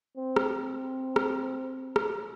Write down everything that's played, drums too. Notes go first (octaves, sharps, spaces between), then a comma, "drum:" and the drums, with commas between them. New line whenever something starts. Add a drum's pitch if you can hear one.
C4
drum: rim click
C4
drum: rim click
drum: rim click